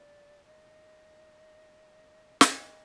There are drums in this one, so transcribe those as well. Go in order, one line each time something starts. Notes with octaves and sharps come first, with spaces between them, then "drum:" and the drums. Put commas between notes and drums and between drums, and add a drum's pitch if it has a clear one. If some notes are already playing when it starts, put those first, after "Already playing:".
Already playing: D5
D#5
D#5, drum: snare